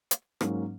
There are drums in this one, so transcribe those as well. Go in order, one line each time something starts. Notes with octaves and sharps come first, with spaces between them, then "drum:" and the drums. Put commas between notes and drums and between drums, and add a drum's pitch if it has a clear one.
drum: hi-hat
G#2 F#3 A#3 C#4, drum: rim click